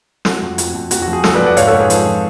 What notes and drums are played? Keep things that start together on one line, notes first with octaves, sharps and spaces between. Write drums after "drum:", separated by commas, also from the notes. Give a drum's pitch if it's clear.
A3 F#4 A4, drum: snare
F2
F2, drum: hi-hat
F2
F2 F#4, drum: hi-hat
F#4
F3
G#4
F3 F#4 A4, drum: snare
B4 D5
F2
D5 F#5
G#2 C#5 F5, drum: hi-hat
A4 C#5
G#2
G#4 B4
F3 G#4, drum: hi-hat
F3